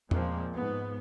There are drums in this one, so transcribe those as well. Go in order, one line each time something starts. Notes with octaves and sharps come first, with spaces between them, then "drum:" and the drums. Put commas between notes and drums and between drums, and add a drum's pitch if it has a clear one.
A#2 F3 G#3 A#3 C4, drum: tom E2
G#2 B3